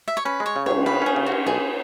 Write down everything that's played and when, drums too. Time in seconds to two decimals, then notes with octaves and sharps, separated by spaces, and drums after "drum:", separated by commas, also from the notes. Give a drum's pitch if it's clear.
0.08 E5
0.17 C#5
0.25 C#4 B4
0.40 G#3
0.46 C#5
0.56 C#3
0.66 C#2 C#5, drum: cymbal
0.86 C#3 B4
1.02 C#4 G#4
1.16 C#3
1.26 F#4
1.32 C#4
1.47 B1 G#4